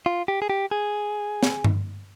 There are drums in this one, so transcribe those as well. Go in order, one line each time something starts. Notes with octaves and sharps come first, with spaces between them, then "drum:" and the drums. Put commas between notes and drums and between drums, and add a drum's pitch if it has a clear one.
F4
G4
G#4
G4
G#4
drum: snare
drum: tom G2